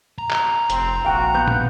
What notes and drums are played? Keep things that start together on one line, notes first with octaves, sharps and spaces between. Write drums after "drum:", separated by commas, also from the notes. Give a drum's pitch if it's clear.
A#5
drum: clap
F1 C4, drum: hi-hat
A#1 F#4 F5 G5
B3 F#5 G6
drum: tom